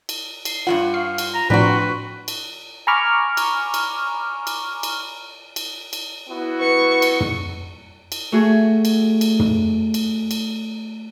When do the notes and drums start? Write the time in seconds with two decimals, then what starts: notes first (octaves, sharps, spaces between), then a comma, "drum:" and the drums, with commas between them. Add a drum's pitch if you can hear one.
0.09 drum: cymbal
0.45 C7, drum: cymbal
0.67 G2 G#3 F4 F#5
0.94 F5 C#6 C7
1.18 drum: cymbal
1.34 A#5
1.50 A2 F3 C4 D4 F#4 B4
2.28 drum: cymbal
2.87 G#5 A#5 B5 C#6 D6 F6
3.37 drum: cymbal
3.74 drum: cymbal
4.47 drum: cymbal
4.83 drum: cymbal
5.56 drum: cymbal
5.93 drum: cymbal
6.29 B3 E4 F#4
6.60 B4 C#6 C#7
7.02 drum: cymbal
7.20 drum: tom
8.12 drum: cymbal
8.32 A3 F#4 G#4
8.85 drum: cymbal
9.21 drum: cymbal
9.39 drum: tom
9.94 drum: cymbal
10.31 drum: cymbal